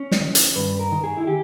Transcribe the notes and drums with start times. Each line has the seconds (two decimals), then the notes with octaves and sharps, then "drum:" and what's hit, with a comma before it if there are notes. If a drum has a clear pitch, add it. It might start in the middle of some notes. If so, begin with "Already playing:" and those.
Already playing: C#4
0.11 drum: snare
0.21 D#3
0.35 drum: hi-hat
0.56 G2 B4
0.79 A#4
0.92 D#3
1.04 G#4
1.17 E4
1.27 G4